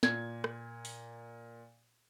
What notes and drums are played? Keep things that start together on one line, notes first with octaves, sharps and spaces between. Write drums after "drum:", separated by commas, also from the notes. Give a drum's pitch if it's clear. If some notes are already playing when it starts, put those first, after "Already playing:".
A#2 G#6, drum: snare
drum: rim click
drum: open hi-hat